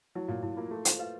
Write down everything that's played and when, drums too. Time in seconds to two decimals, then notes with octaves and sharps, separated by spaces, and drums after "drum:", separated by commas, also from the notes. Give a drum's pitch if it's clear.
0.15 F#3 E4
0.28 A#2
0.43 A#2 E4
0.57 A#3 F4
0.71 A3 F#4
0.85 F4 C5, drum: hi-hat
0.99 F4 B4